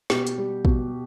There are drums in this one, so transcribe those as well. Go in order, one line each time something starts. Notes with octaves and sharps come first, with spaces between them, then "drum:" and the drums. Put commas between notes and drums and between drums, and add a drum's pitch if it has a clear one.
B2 G4, drum: snare
drum: hi-hat
G3
B2, drum: kick